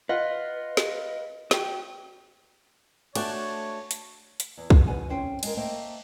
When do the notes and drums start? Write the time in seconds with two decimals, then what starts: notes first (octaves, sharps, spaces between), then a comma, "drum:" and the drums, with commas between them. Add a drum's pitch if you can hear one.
0.09 F4 B4 D#5 F#5
0.77 drum: snare
1.51 F#4 G5, drum: snare
3.15 A3 D4 F#4 C#5 A5, drum: cymbal
3.91 drum: hi-hat
4.40 drum: hi-hat
4.57 E2
4.70 B3, drum: kick
4.87 B4 F#5 G#5
5.09 F2 C#4 C5 G5
5.43 G#3 A#4, drum: cymbal
5.57 A3 A#3 C5 D#5 G5